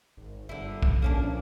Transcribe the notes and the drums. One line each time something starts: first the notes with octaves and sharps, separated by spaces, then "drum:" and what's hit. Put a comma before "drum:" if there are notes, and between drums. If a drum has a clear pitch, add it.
G#1
G1 D3 E4
drum: kick
A#1 A#3 C#4 D4